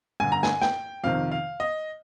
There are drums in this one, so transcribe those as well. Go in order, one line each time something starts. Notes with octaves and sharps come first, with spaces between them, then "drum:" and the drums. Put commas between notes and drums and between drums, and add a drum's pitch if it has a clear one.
G2 D3 G#5
A#5
G#5, drum: snare
G5, drum: snare
F2 C3 D#3 F5
F5
D#5